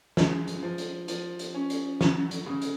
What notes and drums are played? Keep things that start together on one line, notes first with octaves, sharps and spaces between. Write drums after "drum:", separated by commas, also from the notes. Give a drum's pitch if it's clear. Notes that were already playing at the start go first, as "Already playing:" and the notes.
G#3, drum: snare
drum: hi-hat
F3
drum: hi-hat
F3, drum: hi-hat
drum: hi-hat
C#4
drum: hi-hat
F#3, drum: snare
drum: hi-hat
C#3
drum: hi-hat